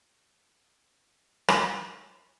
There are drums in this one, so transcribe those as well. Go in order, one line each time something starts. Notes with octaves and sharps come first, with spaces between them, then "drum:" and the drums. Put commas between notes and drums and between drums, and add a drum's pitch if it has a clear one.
E2 E3 D#4 F4 G#5
drum: rim click